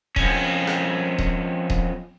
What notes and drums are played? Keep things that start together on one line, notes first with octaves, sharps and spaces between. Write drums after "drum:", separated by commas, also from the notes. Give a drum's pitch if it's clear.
F2 C#4, drum: kick D#1
drum: rim click
drum: kick D#1
drum: kick D#1